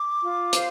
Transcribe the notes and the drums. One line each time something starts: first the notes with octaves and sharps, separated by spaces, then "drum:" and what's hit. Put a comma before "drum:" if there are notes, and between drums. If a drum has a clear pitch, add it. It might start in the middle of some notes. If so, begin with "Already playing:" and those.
Already playing: D6
F4
C5 F5, drum: hi-hat